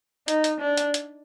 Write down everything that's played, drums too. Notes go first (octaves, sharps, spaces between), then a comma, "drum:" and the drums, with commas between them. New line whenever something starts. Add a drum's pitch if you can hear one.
D#4, drum: hi-hat
drum: hi-hat
D4
drum: hi-hat
drum: hi-hat